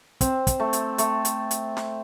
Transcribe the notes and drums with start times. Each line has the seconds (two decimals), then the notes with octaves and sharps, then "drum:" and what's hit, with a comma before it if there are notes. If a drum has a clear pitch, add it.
0.21 C4, drum: kick, hi-hat
0.47 drum: kick, hi-hat
0.60 A3
0.73 drum: hi-hat
0.98 A3, drum: hi-hat
1.25 drum: hi-hat
1.51 drum: hi-hat
1.77 drum: snare